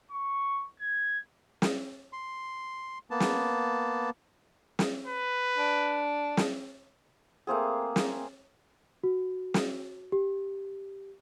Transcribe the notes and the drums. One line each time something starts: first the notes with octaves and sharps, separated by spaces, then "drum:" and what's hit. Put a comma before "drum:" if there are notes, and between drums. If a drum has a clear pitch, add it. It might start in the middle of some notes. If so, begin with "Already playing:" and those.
C#6
G#6
drum: snare
C6
A#3 B3 A5
drum: snare
drum: snare
B4
D4
drum: snare
A3 A#3 C4 G#4
drum: snare
F#4
drum: snare
G4